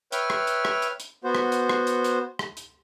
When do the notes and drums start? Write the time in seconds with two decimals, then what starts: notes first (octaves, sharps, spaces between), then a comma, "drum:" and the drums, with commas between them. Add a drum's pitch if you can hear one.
0.12 B4 C#5 E5 G5 F6, drum: hi-hat
0.30 drum: rim click
0.47 drum: hi-hat
0.65 drum: rim click
0.82 drum: hi-hat
1.00 drum: hi-hat
1.24 B3 F#4 C5
1.35 drum: rim click
1.52 drum: hi-hat
1.69 drum: rim click
1.87 drum: hi-hat
2.04 drum: hi-hat
2.39 drum: rim click
2.57 drum: hi-hat